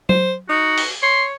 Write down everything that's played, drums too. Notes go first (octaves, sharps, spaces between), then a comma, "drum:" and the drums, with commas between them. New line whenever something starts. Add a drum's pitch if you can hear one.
C5, drum: tom
D#4 F#4
drum: open hi-hat
C#5 C6